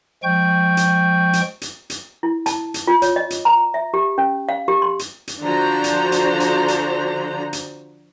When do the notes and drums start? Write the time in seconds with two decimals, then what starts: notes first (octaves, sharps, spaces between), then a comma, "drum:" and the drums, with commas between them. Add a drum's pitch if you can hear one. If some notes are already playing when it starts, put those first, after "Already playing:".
0.23 F3 G#3 G5 C#6 G6
0.77 drum: hi-hat
1.33 drum: hi-hat
1.62 drum: hi-hat
1.90 drum: hi-hat
2.23 E4
2.46 A5, drum: hi-hat
2.74 drum: hi-hat
2.87 F4
3.02 C#5, drum: hi-hat
3.16 D#5
3.30 drum: hi-hat
3.45 A#5
3.74 E5
3.94 G4
4.18 C#4
4.49 F5
4.68 G4
4.82 C6
4.99 drum: hi-hat
5.28 drum: hi-hat
5.41 D3 F3 D4 F#4 C5 A#5
5.84 drum: hi-hat
6.12 drum: hi-hat
6.40 drum: hi-hat
6.68 drum: hi-hat
7.53 drum: hi-hat